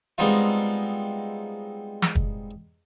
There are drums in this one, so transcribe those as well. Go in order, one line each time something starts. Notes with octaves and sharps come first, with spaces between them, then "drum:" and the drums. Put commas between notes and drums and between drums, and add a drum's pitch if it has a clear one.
G3 G#3 B3 C4 D#4 F4
drum: snare
drum: kick